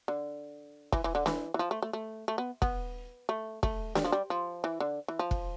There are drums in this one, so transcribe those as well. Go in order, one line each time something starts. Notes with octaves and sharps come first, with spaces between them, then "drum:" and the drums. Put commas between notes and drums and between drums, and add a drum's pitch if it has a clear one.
D3
E3, drum: kick F1
E3
D3
E3, drum: snare D4
E3
F3
A3
A3
A3
A3
B3
B3, drum: kick F1
A3
A3, drum: kick F1
G3, drum: snare D4
F3
G3
F3
E3
D3
E3
F3
drum: kick F1